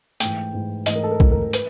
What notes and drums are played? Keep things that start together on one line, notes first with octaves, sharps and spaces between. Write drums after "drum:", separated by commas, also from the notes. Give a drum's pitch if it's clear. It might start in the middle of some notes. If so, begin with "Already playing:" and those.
G#2 E3 A3 G5, drum: hi-hat
G#2 E3 A3
G#2 E3 A3 D#5, drum: hi-hat
A#4
A4
A#4
G#2 E3 A3 A4, drum: kick
A#4
A#4
B4, drum: hi-hat